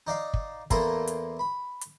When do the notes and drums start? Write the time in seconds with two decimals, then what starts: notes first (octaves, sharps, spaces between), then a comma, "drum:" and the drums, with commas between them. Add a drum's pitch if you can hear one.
0.07 D#4 D5 F5
0.34 drum: kick
0.70 E2 A#3 E4 A4 A#5 C6, drum: kick, hi-hat
1.07 drum: hi-hat
1.39 B5
1.81 drum: hi-hat